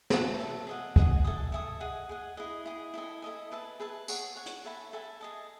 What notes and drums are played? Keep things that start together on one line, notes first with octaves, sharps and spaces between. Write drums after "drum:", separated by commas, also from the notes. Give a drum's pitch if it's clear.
A4 E5 A5, drum: snare
A4 E5 A5
G#4 D#5 F#5
G#4 D#5 F#5, drum: kick
A4 E5 G#5 D#6
A4 E5 G#5 D#6
G#4 D#5 F#5
G#4 D#5 F#5
E4 G#4 D#5
E4 G#4 D#5
E4 A4 D#5 G#5
E4 A4 D#5 G#5
G#4 B4 E5 A5
G#4 B4 E5 A5
G#4 C#5 F#5, drum: tambourine
G#4 C#5 F#5
drum: hi-hat
A4 E5 G#5 B5
A4 E5 G#5 B5
G#4 D#5 A5